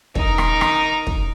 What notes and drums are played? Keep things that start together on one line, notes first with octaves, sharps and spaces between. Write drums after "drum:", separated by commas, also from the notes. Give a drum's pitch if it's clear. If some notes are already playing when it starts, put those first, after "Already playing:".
D#4 A#4, drum: kick
drum: rim click
drum: rim click
drum: kick